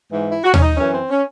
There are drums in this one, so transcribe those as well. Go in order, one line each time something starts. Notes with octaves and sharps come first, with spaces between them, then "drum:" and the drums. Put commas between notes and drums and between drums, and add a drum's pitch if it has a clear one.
G#2 E3
E4
F#4
C#4, drum: tom D#2
D#4
F#2 E3 C#4
C4
C#4